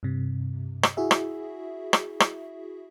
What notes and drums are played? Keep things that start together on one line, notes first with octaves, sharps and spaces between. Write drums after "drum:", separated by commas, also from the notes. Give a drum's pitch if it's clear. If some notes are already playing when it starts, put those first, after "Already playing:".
G2 C3
drum: rim click
E4 F#4 G#4 E5
drum: rim click
drum: rim click
drum: rim click